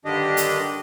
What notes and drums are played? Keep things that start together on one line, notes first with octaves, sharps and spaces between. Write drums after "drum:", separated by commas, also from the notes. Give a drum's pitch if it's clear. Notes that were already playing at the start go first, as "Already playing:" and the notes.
G2 D3 D#3 D4 G4 D#5
drum: hi-hat